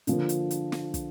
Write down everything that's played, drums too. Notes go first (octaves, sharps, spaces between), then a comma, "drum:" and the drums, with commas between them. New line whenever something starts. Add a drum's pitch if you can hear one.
D3 F3 A#3, drum: hi-hat
drum: hi-hat
drum: hi-hat
drum: snare
drum: kick, hi-hat